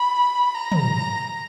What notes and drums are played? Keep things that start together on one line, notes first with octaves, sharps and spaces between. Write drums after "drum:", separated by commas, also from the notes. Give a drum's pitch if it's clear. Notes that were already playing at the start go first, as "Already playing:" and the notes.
Already playing: B5
A#5
drum: tom